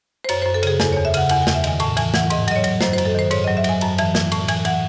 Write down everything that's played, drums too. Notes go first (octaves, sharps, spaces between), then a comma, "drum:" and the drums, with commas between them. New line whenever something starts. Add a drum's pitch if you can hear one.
C5
F#2 C#5, drum: cymbal
F#2 C5
A4
C#3 G#4, drum: cymbal
E2 A4, drum: snare
E2 C#5
E5
C#3 F#5, drum: cymbal
E2 F#5, drum: cymbal
G#5
E2, drum: snare
E5
D#3 G#5, drum: cymbal
A2 A5, drum: cymbal
E3 G#5, drum: cymbal
E3 F#5, drum: snare
G#2 D#5, drum: cymbal
F#3 D#5, drum: cymbal
C#5
F#3, drum: cymbal
F#2 C5, drum: snare
C5
F#2, drum: cymbal
A4
D#3 C5
G#2 C#5, drum: cymbal
F#3 D#5
E5
F#3 G#5, drum: cymbal
F#2 A5, drum: cymbal
E3 A5, drum: cymbal
E3, drum: snare
A2 A5, drum: cymbal
E3 G#5, drum: cymbal
E3 F#5, drum: cymbal